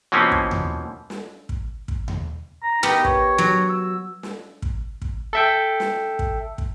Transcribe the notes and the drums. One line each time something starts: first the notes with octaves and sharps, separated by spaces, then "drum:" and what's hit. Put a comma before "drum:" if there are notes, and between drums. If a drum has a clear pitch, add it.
B2 E3 F3 A#3 C4 C#4
drum: kick
drum: tom D#2
drum: snare
drum: kick
drum: kick
drum: tom D#2
A#5
B3 D#4 G4 A#4
C#5, drum: kick
F#3
E6
drum: snare
drum: kick
drum: kick
A4 E5 G5
drum: snare
drum: kick
drum: kick